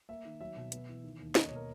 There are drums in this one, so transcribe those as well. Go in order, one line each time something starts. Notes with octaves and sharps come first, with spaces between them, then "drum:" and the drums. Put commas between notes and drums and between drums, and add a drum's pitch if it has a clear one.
A#3 E5
D#3
F#3 E5
B2
B3, drum: hi-hat
E3
D#3
D#2
A#3 D#5, drum: snare
C#5
B2
A#4